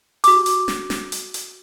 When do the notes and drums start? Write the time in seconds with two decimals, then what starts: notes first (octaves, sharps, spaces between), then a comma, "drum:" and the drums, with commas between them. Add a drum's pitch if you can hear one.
0.24 F#4 D6, drum: hi-hat
0.46 drum: hi-hat
0.68 drum: snare
0.90 drum: snare
1.12 drum: hi-hat
1.34 drum: hi-hat